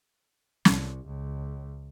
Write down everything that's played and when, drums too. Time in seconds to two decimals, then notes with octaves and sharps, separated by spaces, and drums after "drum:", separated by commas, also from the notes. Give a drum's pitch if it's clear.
0.65 C2, drum: snare
1.07 C#2